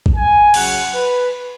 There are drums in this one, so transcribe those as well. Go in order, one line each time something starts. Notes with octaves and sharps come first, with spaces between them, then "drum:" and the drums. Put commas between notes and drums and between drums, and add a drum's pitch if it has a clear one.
drum: kick
G#5
C#3 F#3 C#4 F#5, drum: cymbal
B4